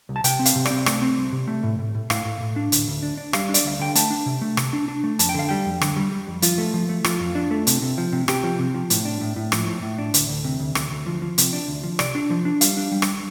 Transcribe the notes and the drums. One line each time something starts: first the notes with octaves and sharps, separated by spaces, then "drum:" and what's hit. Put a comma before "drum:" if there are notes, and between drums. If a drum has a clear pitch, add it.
C2
A5
C3 G5, drum: hi-hat
C4
F5, drum: hi-hat
C3
C4 D5, drum: rim click
A3, drum: rim click
C4
C2
C3
A3
A2
A2
A2
A2 F5, drum: rim click
A2
A2
D4
D2, drum: hi-hat
D2
D4
D4
G3 F5, drum: rim click
D4
D5, drum: hi-hat
D2 F5
D3 G5
A3 A5, drum: hi-hat
D4
C3
A3
C3, drum: rim click
D4
D4
A3
F2 A5, drum: hi-hat
G5
D3 F5
G3 G5
F2
D3, drum: rim click
G3
G3
F2
F3 F4, drum: hi-hat
A3
F3
A3
F3 F4, drum: rim click
F2
D4
A3
C3, drum: hi-hat
C3
F3
C3
C3 G4, drum: rim click
F3
C3
F3
A2, drum: hi-hat
D4
A2
A2
F3, drum: rim click
A2
A2
D4
D2, drum: hi-hat
D2
C3
D2
D2, drum: rim click
D2
F3
F3
C3, drum: hi-hat
D4
D2
F3
C3 D5, drum: rim click
D4
F3
D4
G3 F5, drum: hi-hat
D4
G3
drum: rim click